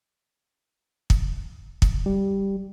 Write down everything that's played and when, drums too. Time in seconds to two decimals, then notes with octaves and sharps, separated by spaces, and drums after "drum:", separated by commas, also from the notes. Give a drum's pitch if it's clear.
1.10 drum: kick
1.82 drum: kick
2.06 G3